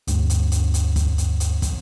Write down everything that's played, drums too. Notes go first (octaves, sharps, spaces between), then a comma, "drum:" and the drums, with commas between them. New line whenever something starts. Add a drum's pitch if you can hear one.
D2 G2, drum: hi-hat
drum: hi-hat
drum: hi-hat
drum: hi-hat
drum: kick, hi-hat
drum: hi-hat
drum: hi-hat
drum: kick, hi-hat